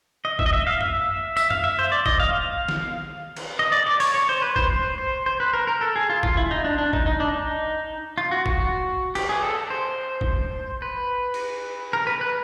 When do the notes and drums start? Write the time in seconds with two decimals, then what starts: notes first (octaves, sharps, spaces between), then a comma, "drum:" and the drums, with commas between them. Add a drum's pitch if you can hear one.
0.25 D#5
0.39 E5, drum: kick A1
0.46 D#5
0.53 E5
0.67 F5
0.81 E5, drum: tom F#2
1.37 E5, drum: tambourine
1.50 F5, drum: tom F#2
1.64 E5
1.79 C5
1.92 D5
2.06 D#5, drum: kick A1
2.20 F5
2.34 F5
2.68 drum: snare
3.36 drum: cymbal
3.59 D#5
3.72 D5
3.86 D5
4.00 C#5, drum: open hi-hat
4.14 C#5
4.29 C5
4.42 B4
4.56 C5, drum: kick A1
4.70 C5
4.98 C5
5.26 C5
5.40 B4
5.53 A#4
5.67 A#4
5.81 A4
5.96 G#4
6.10 F4
6.23 F4, drum: kick A1
6.37 E4
6.51 D#4
6.65 D4
6.78 D4
6.93 D#4, drum: kick A1
7.06 D#4
7.20 D4
7.34 D#4
8.18 F4
8.31 F#4
8.46 F#4, drum: kick A1
9.15 G4, drum: cymbal
9.29 G#4
9.42 A4
9.70 C5
10.21 drum: kick A1
10.82 B4
11.34 drum: cymbal
11.93 A#4
12.07 B4
12.21 B4